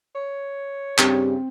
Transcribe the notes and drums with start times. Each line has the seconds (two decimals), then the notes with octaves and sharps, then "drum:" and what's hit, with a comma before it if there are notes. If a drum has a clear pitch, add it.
0.15 C#5
0.98 G2 C#3 C4 G4, drum: clap